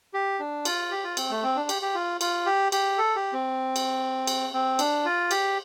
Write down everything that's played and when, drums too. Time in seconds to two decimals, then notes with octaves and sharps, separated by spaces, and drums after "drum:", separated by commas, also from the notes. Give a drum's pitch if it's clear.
0.14 G4
0.40 D4
0.65 F4, drum: cymbal
0.91 G4
1.04 F4
1.17 C4, drum: cymbal
1.30 A3
1.43 C4
1.56 D4
1.69 G4, drum: cymbal
1.82 G4
1.95 F4
2.21 F4, drum: cymbal
2.46 G4
2.72 G4, drum: cymbal
2.98 A4
3.16 G4
3.33 C4
3.76 drum: cymbal
4.27 drum: cymbal
4.53 C4
4.79 D4, drum: cymbal
5.05 F4
5.31 G4, drum: cymbal